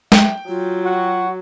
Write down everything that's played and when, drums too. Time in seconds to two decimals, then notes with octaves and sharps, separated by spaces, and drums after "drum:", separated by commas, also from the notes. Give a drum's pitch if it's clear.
0.12 E5 G5, drum: snare
0.48 F#3 F4
0.85 F#4